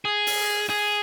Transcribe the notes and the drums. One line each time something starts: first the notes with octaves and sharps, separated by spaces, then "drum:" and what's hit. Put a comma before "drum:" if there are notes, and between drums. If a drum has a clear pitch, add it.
G#4
drum: open hi-hat
G#4